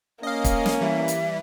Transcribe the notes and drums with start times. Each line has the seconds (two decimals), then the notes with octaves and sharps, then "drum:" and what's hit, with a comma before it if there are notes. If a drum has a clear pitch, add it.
0.23 A#3 C#4 D#5 F5
0.44 drum: kick, hi-hat
0.66 drum: snare
0.81 E3 G3 E5
1.08 drum: hi-hat